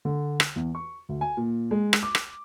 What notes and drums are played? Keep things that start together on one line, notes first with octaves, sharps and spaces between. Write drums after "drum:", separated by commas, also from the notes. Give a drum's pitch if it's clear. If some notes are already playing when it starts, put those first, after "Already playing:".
D3
drum: rim click
E2
C#6
D2
G#5
A#2
G#3
drum: rim click
D6
drum: rim click